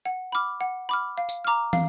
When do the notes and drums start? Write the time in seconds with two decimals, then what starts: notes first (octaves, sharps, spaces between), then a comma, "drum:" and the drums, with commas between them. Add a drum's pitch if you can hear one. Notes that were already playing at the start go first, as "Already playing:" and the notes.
0.05 F#5
0.32 B5 D6 F6
0.61 F#5
0.89 B5 D6 F6
1.18 F5
1.29 drum: tambourine
1.44 A#5 D6 F6
1.73 F5, drum: tom